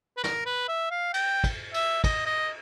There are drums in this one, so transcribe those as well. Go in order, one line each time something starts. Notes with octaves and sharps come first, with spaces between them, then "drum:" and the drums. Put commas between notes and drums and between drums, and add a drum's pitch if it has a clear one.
B4
A#4, drum: snare
B4
E5
F5
G5, drum: cymbal
drum: kick, cymbal
E5, drum: cymbal
D#5, drum: kick, cymbal
D#5